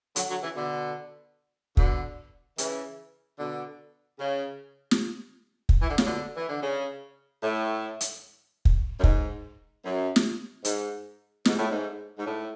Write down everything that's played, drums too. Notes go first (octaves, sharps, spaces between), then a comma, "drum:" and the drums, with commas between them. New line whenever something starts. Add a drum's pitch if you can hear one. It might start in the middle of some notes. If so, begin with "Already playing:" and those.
D3 F#3, drum: hi-hat
D3 F#3
C#3 E3
B2 D3
B2 D3, drum: kick
C#3 E3, drum: hi-hat
B2 D3
C#3
drum: snare
drum: kick
E3
D3
C#3, drum: snare
B2 D3
E3
D3
C#3
A2
drum: hi-hat
drum: kick
F#2
G#2, drum: kick
F#2
drum: snare
G#2, drum: hi-hat
G#2, drum: snare
A2
G#2
G#2
A2